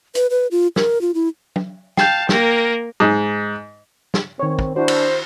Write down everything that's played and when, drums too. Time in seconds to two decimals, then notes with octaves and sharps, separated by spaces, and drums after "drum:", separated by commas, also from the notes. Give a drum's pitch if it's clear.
0.15 B4, drum: hi-hat
0.30 B4
0.51 F4
0.76 A#4, drum: snare
1.01 F4
1.14 E4
1.56 drum: tom F#3
1.97 F5 G5 A5 G6, drum: snare
2.29 A#3 A#4, drum: snare
3.00 G#2
4.14 drum: snare
4.39 D#3 C4 C#5
4.59 drum: kick
4.76 D4 E4 F#4 C5
4.88 drum: cymbal